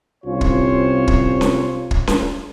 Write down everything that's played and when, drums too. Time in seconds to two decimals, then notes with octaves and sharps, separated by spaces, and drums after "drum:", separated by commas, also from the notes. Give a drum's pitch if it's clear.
0.24 C2 C3 C#4 F4 C5 C#5
0.41 drum: kick
1.08 drum: kick
1.41 drum: snare C#4
1.91 drum: kick
2.07 drum: snare C#4